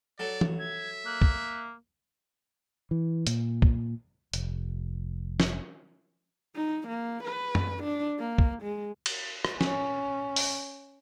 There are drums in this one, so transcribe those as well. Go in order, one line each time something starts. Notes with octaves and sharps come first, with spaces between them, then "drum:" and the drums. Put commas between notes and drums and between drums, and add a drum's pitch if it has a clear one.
F#3 A4 D5
drum: tom E3
E5 G#6
A#3 F#6
drum: kick
E3
A#2, drum: hi-hat
drum: kick
F1, drum: hi-hat
drum: snare
D#4
A#3
B4
drum: tom F#2
D4
A#3
drum: kick
G#3
drum: cymbal
drum: rim click
C#4, drum: snare
drum: open hi-hat